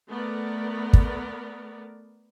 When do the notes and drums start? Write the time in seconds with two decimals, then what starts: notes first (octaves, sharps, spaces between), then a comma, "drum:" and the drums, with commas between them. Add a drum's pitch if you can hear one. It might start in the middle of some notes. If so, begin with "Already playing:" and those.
0.10 A3 B3 A#4 D5
0.93 drum: kick